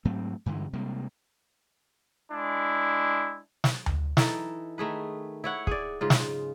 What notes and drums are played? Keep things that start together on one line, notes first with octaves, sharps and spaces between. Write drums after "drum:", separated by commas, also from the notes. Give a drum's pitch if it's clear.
G#2 F#3 A3 C4
G2 D3 E3 G#3
C3 G3 G#3 A#3
G#3 D4 E4
drum: snare
drum: tom D2
E3 D#4 A4, drum: snare
D#3 A3 G#4 B4
E4 C#5 F#5
G#4 D5, drum: kick
G#2 C#3 F4
drum: snare